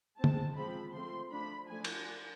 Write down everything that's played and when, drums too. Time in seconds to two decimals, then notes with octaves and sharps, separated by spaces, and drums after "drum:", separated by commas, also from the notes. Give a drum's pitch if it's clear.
0.19 C4 A5
0.24 G#3, drum: tom
0.56 F3 G#3 C4 B5
0.94 F3 A3 C4 C6
1.32 F3 A3 D4 B5
1.69 F3 A3 D4 G#5
1.84 drum: cymbal